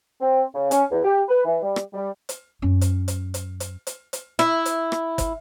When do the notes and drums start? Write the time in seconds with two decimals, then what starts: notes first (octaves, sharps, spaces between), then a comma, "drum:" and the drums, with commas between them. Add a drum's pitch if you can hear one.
0.21 C4
0.55 C#3
0.71 C#4, drum: hi-hat
0.91 E2
1.04 G4
1.29 B4
1.45 E3
1.63 G3
1.76 drum: rim click
1.94 G3
2.29 drum: hi-hat
2.62 F#2 C#4
2.81 drum: hi-hat
3.08 drum: hi-hat
3.34 drum: hi-hat
3.60 drum: hi-hat
3.87 drum: hi-hat
4.13 drum: hi-hat
4.39 E4, drum: rim click
4.65 drum: hi-hat
4.92 drum: rim click
5.18 drum: kick, hi-hat